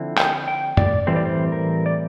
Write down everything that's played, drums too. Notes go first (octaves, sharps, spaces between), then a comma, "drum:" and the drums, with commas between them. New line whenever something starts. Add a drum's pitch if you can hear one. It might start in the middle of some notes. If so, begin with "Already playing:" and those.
Already playing: D3 F3 C4 E4
G5, drum: clap
G5
D5, drum: tom F#2
A2 E3 G3 C4 C5
D5
C5
A#4
D5